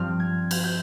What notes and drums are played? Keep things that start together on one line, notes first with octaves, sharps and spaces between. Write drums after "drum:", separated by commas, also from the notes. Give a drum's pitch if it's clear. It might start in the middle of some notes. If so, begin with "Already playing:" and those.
Already playing: G2 F3 C4 F6
G#6
G6, drum: cymbal
G6